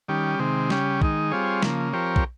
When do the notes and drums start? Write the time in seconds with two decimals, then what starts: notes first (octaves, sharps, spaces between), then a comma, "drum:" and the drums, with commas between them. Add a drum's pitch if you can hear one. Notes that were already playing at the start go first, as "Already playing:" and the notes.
0.08 D#3 G3 C#4 G4
0.39 C3 D#3 G#3 C4
0.70 C#3 G3 C#4 G4, drum: snare
1.01 D#3 G#3 D#4, drum: kick
1.32 G3 C4 F4 G#4 C#5
1.63 C#3 F3 A#3, drum: snare
1.93 F3 C4 G4 A#4 C#5
2.16 drum: kick